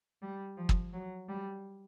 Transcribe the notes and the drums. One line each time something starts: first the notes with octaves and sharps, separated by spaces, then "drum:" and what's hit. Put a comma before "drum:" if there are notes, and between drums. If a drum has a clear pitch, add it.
G3
F3
drum: kick
F#3
G3